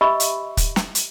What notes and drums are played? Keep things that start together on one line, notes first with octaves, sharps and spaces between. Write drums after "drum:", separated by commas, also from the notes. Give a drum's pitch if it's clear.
G4 D#5 E5 B5 C#6 E6
drum: hi-hat
drum: kick, hi-hat
drum: snare
drum: hi-hat